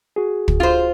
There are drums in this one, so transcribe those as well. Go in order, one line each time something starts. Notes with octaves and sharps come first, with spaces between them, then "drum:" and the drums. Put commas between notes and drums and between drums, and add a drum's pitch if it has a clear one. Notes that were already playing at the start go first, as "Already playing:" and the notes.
F#4 G#4
drum: kick
F4 C5